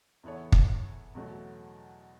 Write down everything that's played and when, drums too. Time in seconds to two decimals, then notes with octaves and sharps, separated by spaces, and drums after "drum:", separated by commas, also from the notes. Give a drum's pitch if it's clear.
0.23 E2 E3 B3 A4 C#5
0.52 drum: kick
1.15 E2 B2 F#3 A3